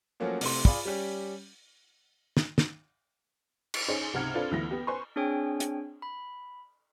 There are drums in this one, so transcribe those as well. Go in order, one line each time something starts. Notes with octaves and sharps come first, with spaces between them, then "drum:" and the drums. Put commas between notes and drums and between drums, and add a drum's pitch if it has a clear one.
F3 F#3 A3 A#3 C#4 F#4
C3 A3 C6, drum: open hi-hat
F4 G#4 D5 B5, drum: kick
G3 C#4 G4
drum: snare
drum: snare
drum: cymbal
C#4 D#4 G#4 C5 C#5 G#5
C#2 G#2 C3 F#5 F6 G#6
C4 D4 F4 A4 B4 D5
D2 E3 B3 A#6
B3 G4
B4 C5 G#5 C6 C#6
C4 D4 G#4 C#5 G5 G#5
drum: hi-hat
B5